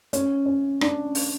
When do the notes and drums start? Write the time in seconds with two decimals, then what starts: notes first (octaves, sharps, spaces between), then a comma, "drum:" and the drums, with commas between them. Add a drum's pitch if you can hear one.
0.13 C#4, drum: hi-hat
0.46 C#4
0.81 D4, drum: rim click
1.15 drum: open hi-hat